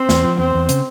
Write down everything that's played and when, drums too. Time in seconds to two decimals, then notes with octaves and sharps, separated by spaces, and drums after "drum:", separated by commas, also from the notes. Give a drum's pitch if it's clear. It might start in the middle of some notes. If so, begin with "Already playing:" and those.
Already playing: C4 C5
0.09 E2, drum: snare
0.24 F3
0.38 E2 C4 C5
0.55 E2
0.69 C#3, drum: hi-hat